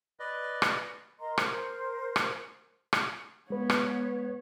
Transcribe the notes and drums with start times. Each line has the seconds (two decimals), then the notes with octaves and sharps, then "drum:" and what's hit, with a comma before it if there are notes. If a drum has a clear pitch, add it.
0.20 B4 D5 D#5
0.62 drum: rim click
1.20 A#4 D#5 A#5 C6
1.38 A#4 C5, drum: rim click
2.16 drum: rim click
2.93 drum: rim click
3.50 G#3 B3 B4 C#5
3.70 drum: rim click